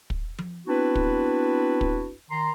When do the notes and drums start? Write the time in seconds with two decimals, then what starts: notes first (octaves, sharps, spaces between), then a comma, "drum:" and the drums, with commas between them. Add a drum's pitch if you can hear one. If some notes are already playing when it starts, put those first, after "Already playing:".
0.10 drum: kick
0.38 drum: tom F3
0.67 B3 C4 D4 E4 F#4 B4
0.95 drum: kick
1.81 drum: kick
2.30 D#3 A#5 C6